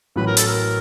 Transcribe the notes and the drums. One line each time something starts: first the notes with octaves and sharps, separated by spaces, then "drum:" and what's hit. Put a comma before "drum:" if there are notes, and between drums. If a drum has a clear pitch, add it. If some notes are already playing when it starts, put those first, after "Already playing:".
A1 A2 F#3 B4
A#4
A4, drum: hi-hat
A#4